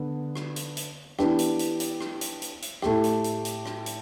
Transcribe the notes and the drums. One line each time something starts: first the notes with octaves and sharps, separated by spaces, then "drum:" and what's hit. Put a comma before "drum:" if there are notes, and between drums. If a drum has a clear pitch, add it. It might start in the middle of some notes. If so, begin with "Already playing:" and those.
Already playing: D3 B3
drum: rim click
drum: hi-hat
drum: hi-hat
E3 B3 D4 G4, drum: rim click
drum: hi-hat
drum: hi-hat
drum: hi-hat
drum: rim click
drum: hi-hat
drum: hi-hat
drum: hi-hat
A2 A3 G4, drum: rim click
drum: hi-hat
drum: hi-hat
drum: hi-hat
drum: rim click
drum: hi-hat